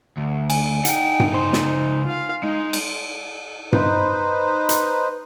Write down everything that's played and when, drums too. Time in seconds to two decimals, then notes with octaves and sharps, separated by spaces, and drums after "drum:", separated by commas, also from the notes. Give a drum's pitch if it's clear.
0.17 D2
0.50 G#5, drum: cymbal
0.85 D#4 F#5 G5, drum: hi-hat
1.20 drum: tom G2
1.34 C#2 C5 C6
1.53 drum: snare
2.06 F4 F5
2.43 G#3 D#4
2.73 drum: cymbal
3.73 D#4 B4 C5, drum: tom G2
4.69 drum: hi-hat